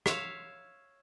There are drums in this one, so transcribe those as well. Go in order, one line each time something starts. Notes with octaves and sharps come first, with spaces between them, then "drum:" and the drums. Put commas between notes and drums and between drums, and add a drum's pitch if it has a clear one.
C#5 E5 F5, drum: rim click